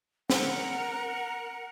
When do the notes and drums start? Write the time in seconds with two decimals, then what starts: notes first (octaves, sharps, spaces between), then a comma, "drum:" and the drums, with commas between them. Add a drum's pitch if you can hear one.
0.30 A#4 F#5, drum: snare